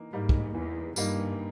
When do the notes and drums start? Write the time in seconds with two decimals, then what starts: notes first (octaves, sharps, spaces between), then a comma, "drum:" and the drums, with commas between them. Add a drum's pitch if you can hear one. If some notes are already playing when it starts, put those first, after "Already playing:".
Already playing: E3 A#3 D#4
0.13 G#2 G3 A#3 D#4
0.29 drum: kick
0.55 E2 E3
0.96 G2 G3 A#3 D#4, drum: tambourine